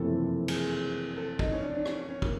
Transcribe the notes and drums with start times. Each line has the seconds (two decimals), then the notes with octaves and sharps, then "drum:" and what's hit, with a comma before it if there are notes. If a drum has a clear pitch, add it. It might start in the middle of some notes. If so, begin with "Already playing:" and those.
Already playing: F#1 F2 C3 E3 A3 A4
0.48 G#4, drum: cymbal
1.16 A4
1.39 D#4, drum: kick
1.52 C#4
1.62 D4
1.75 D4
1.85 C#4, drum: rim click
2.08 C#4
2.22 A#3, drum: kick